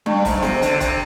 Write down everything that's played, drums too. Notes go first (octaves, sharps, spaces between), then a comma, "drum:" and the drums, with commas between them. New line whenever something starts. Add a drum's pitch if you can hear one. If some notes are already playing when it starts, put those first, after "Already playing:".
G2, drum: tom G3
G#2, drum: kick C#1, open hi-hat
C3, drum: snare
D3, drum: hi-hat
C3, drum: kick C#1, hi-hat